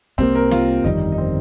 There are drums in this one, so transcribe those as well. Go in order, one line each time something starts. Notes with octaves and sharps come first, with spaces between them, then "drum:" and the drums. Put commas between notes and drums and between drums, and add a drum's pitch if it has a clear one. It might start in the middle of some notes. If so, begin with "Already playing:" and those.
C2 C3 F3 A#3 C4, drum: kick
A#4
F4, drum: snare
G1 F2 D#3 G3 D#4, drum: kick
D#4
C4